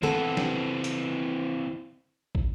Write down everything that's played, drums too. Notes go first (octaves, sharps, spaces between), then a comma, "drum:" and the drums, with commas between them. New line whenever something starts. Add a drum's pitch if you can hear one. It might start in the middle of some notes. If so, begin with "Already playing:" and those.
E3 B3 C4 A4, drum: tom
drum: snare
drum: hi-hat
drum: kick